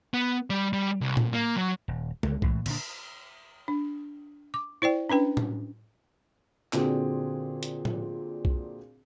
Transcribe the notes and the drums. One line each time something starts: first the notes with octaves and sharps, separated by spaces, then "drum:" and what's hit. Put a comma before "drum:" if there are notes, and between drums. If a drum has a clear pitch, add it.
B3
G3
G3
C2
A#2, drum: tom A2
A#3
F#3
D#1
C#2 D3, drum: tom G#3
A2 E3, drum: kick B1
A#2 D3 G3 D4, drum: cymbal
D4
D6
E4 C5 D5 G5
C#4 D4 B4 G5
drum: tom A2
A#2 D3 C4 F#4 G#4, drum: clap
drum: hi-hat
drum: tom A2
drum: kick B1